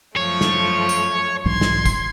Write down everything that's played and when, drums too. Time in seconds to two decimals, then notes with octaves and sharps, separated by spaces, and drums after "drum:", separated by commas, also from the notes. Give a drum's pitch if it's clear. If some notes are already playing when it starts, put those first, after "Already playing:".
0.17 F#2 F3 A3 C#5
0.41 drum: snare
0.89 drum: tambourine
1.45 B1 G#2 E3 C6 G#6
1.61 drum: snare
1.85 drum: kick, tambourine